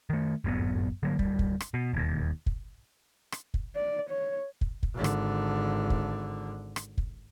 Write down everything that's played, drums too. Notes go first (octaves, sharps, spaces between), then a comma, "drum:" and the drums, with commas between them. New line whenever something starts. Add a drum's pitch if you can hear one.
D#3 A3
D1 G1 F#2 B3
D3 F#3 A#3
D1 G3, drum: kick
drum: kick
drum: rim click
B2
E1 D#2
drum: kick
drum: rim click
drum: kick
D5
C#5
drum: kick
drum: kick
G#1 D3
drum: rim click
drum: kick
drum: rim click
drum: kick